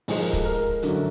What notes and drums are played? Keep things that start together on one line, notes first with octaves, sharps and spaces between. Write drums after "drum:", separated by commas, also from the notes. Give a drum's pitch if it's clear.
G#2 F3 G#3, drum: open hi-hat
A#4
A4, drum: kick, hi-hat
A#4
F#2 D3 F#3, drum: hi-hat